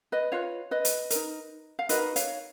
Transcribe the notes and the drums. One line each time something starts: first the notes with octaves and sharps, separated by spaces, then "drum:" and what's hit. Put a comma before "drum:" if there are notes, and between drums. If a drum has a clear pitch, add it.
B4 D#5
F4 B4 C#5 F5
B4 D#5
drum: hi-hat
D#4 A#4, drum: hi-hat
F5
D#4 F#4 A#4 B4 D#5, drum: hi-hat
C#5 F5, drum: hi-hat